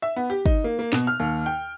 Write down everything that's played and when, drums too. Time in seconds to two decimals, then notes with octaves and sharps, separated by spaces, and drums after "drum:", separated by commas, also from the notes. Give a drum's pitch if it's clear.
0.02 E5
0.16 B3
0.30 G4, drum: tambourine
0.46 D#4, drum: kick
0.64 A#3
0.79 A#3
0.93 B2, drum: snare
1.07 F6
1.20 D#2
1.46 G5